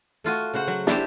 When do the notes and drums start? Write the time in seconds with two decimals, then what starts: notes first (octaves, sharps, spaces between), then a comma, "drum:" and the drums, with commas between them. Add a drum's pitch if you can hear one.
0.24 A3 F4 F#4 G#5
0.53 C#3 F#4 C5 F#5
0.67 F#3
0.87 D4 E4 G4 C5, drum: snare